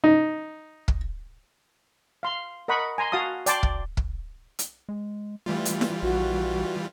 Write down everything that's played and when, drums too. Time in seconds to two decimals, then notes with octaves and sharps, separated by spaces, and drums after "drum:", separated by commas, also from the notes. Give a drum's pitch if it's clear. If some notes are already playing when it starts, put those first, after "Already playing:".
0.04 D#4
0.88 drum: kick
2.23 F5 C6
2.68 A#4 D#5 F#5 B5 C#6
2.98 G#5 A#5 C6
3.12 F#4 F5 A5 D#6
3.46 D5 G5 A5 C6 D6, drum: hi-hat
3.63 drum: kick
3.97 drum: kick
4.59 drum: hi-hat
4.89 G#3
5.46 E3 G3 A3 F4
5.65 drum: hi-hat
5.81 drum: snare E4
6.03 A#1 F#4